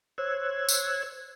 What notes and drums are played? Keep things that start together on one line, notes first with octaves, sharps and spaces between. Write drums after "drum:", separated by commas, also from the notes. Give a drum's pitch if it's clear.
C5 C#5 E6 F#6 G#6
drum: tambourine